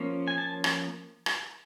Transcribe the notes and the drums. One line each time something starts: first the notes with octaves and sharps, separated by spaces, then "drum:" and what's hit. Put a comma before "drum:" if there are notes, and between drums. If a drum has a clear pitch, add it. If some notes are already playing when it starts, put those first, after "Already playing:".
Already playing: F3 A#3 C#4
G#5
A5
drum: rim click
drum: rim click